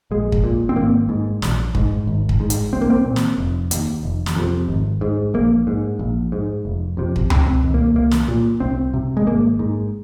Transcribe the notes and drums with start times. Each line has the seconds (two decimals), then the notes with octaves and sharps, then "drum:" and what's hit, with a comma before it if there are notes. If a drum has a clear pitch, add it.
0.11 A#1 G#3
0.32 drum: kick
0.44 A#2
0.69 C4
0.76 G#1 A#3
1.09 G#2
1.42 A#1, drum: snare
1.75 G#2, drum: kick
2.07 G#1
2.29 drum: kick
2.40 G#2
2.50 drum: hi-hat
2.72 C2 C4
2.82 A#3
2.90 C4
3.05 A#2
3.16 drum: snare
3.38 F1
3.71 D#2, drum: hi-hat
4.03 F1
4.26 drum: snare
4.36 F2 C3
4.68 G#1
5.01 G#2
5.34 A#1 A#3
5.67 G#2
5.99 A#1
6.32 G#2
6.65 F1
6.97 F2 C3
7.16 drum: kick
7.30 F1 C4, drum: tom C#2
7.63 D#2
7.74 A#3
7.95 C2 A#3
8.11 drum: snare
8.28 A#2
8.60 C2 C4
8.94 C3
9.17 G#3
9.26 G#1 A#3
9.59 G#2